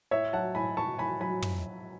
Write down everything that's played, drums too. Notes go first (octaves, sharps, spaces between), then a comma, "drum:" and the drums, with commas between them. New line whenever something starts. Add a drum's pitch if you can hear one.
A2 C#5 E5
F#3 F#5 A5
A2 G#5 B5
A2 A5 C#6
A2 G#5 B5
F#3 G#5 B5
drum: tom